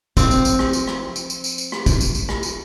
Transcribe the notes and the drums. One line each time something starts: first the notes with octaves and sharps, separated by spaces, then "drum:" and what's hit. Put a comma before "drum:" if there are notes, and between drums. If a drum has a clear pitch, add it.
F3 C4, drum: kick, tambourine
drum: tambourine
drum: tambourine
drum: rim click
drum: tambourine
drum: rim click
drum: tambourine
drum: tambourine
drum: tambourine
drum: tambourine
drum: rim click
drum: kick, tambourine
drum: tambourine
drum: tambourine
drum: rim click
drum: tambourine